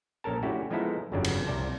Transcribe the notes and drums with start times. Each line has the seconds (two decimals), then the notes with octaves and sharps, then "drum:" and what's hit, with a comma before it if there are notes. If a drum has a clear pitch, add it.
0.24 A#1 C#4 A4 A#4 A5
0.43 A3 C#4 D4 E4 F#4 G4
0.70 F3 G#3 B3 D#4 E4 A4
1.12 G1 F2 C#3 F#3 G3 D4
1.24 drum: cymbal
1.47 C2 C3 D5 A5